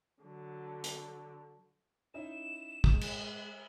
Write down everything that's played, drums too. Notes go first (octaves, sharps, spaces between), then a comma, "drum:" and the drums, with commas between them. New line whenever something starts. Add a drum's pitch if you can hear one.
D3 F#3
drum: hi-hat
C#4 D#4 E4 E7
G#3 D#6, drum: kick
drum: cymbal